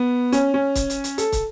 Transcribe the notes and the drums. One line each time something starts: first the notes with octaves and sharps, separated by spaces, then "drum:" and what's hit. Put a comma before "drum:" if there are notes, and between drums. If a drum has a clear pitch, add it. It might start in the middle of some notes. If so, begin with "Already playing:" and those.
Already playing: B3
C#4, drum: hi-hat
C#4
drum: kick, hi-hat
drum: hi-hat
drum: hi-hat
A4, drum: hi-hat
drum: kick, hi-hat